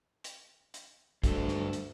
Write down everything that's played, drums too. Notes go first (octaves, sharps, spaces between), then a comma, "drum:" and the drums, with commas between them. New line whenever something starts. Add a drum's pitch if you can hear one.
drum: hi-hat
drum: hi-hat
D2 G2 A4, drum: kick, hi-hat
drum: snare
drum: hi-hat